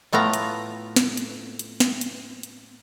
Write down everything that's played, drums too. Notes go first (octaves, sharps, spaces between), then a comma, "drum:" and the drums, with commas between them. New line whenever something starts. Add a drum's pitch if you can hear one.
A2 A3 B3 F4 A#5
drum: hi-hat
drum: snare
drum: hi-hat
drum: hi-hat
drum: snare
drum: hi-hat
drum: hi-hat